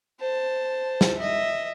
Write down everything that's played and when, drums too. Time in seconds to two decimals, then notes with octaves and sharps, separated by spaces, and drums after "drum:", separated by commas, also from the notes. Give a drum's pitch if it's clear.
0.20 C5 A5
1.01 drum: snare
1.17 D#5 E5